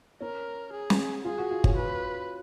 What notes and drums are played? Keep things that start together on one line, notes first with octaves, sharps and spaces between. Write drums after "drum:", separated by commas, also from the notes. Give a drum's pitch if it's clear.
C#4 A#4
G#4
drum: snare
F4 G#4
F#4
F4
C#4, drum: kick G1
F4 B4